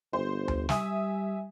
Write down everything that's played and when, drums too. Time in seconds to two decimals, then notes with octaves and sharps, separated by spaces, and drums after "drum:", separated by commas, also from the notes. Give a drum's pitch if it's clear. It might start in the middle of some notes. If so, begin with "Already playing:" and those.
0.13 G1 C5
0.48 drum: tom D2
0.69 G3 E5 G#5 D#6, drum: snare